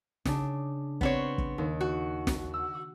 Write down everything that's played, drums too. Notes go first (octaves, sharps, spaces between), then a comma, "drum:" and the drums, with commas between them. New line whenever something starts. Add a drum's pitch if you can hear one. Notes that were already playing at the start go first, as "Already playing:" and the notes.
C#3 D4, drum: snare
B3 C4 C#5, drum: kick
drum: kick
D#2
F#4
drum: snare
E6